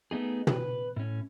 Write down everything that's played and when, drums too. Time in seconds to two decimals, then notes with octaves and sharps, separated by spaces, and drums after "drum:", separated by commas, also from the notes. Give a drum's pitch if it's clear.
0.11 A3 B3 D#4 G#4
0.47 B4, drum: tom
0.96 A2 C#4